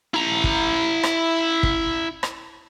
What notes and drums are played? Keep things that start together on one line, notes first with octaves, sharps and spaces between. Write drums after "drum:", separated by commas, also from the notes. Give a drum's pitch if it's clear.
E4 A#5
drum: kick
drum: rim click
drum: kick
drum: rim click